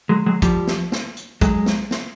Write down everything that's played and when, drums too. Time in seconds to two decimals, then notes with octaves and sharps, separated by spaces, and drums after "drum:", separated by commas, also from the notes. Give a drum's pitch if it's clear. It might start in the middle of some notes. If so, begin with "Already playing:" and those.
0.09 F#3 G#3
0.26 F#3 G#3
0.42 F3 G3, drum: kick, hi-hat
0.67 drum: snare
0.92 drum: snare
1.17 drum: hi-hat
1.41 F#3 G#3, drum: kick, hi-hat
1.66 drum: snare
1.91 drum: snare